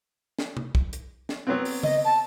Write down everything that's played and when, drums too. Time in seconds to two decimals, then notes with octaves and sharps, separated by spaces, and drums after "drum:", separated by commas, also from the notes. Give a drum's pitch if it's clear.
0.39 drum: snare
0.57 drum: tom C3
0.75 drum: kick
0.93 drum: hi-hat
1.29 drum: snare
1.47 F#3 B3 C4
1.65 drum: open hi-hat
1.83 D#5, drum: tom C#3
2.05 A5